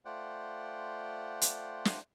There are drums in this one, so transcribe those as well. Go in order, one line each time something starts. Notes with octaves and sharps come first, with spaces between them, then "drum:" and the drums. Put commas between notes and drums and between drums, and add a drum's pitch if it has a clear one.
A3 F4 C5 D5 F#5 G5
drum: hi-hat
drum: snare